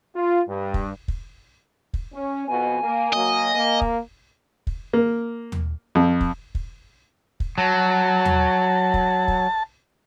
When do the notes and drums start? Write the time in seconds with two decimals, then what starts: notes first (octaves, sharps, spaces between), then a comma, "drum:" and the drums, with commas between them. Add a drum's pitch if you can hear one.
0.16 F4
0.49 G2
0.74 drum: kick
1.08 drum: kick
1.94 drum: kick
2.13 C#4
2.48 F2 B2 G#5
2.83 A#3
3.13 F#3 A#3 D#5
3.54 A#3
3.81 drum: kick
4.67 drum: kick
4.93 A#3
5.52 drum: tom D#2
5.95 F2
6.21 drum: kick
6.55 drum: kick
7.40 drum: kick
7.58 F#3 A5
8.25 drum: tom D#2
8.94 drum: kick
9.28 drum: kick